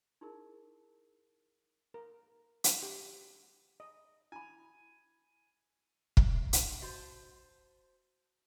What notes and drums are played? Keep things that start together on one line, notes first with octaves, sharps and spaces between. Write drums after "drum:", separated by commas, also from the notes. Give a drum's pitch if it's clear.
D#4 E4 G#4 A#4
A#4
drum: hi-hat
G4
D#5
E4 G#5 B5
drum: kick
drum: hi-hat
F#4 C5 D#5 A5 C6